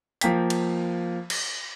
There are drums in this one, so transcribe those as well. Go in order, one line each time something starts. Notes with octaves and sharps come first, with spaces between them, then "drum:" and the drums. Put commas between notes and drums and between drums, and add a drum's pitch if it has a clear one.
F3 A#3 G5 B6, drum: hi-hat
drum: cymbal
drum: cymbal